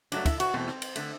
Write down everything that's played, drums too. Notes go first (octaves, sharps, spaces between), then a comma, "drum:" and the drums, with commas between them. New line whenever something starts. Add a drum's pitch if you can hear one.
G2 F#3 A3 D4, drum: cymbal
E4, drum: kick, cymbal
F#4, drum: cymbal
E2 B2 A3 C4
drum: rim click
drum: cymbal
D3 A3, drum: cymbal